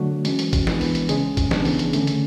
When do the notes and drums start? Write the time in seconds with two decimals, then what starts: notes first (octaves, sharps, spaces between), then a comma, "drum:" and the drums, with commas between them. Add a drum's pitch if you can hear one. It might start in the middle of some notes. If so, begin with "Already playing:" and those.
Already playing: D3 F#3 A3 D4 F#4
0.25 E3 G#3 C#4, drum: hi-hat
0.39 drum: hi-hat
0.53 drum: kick A1, hi-hat
0.67 E3 G#3 B3 D4, drum: snare
0.81 drum: open hi-hat
0.95 drum: hi-hat
1.09 C#3 G#3 C#4 G#4, drum: hi-hat
1.37 drum: kick A1, hi-hat
1.51 C#3 E3 B3 D4, drum: snare
1.65 drum: open hi-hat
1.79 drum: hi-hat
1.93 D3 A3 C#4, drum: hi-hat
2.07 drum: hi-hat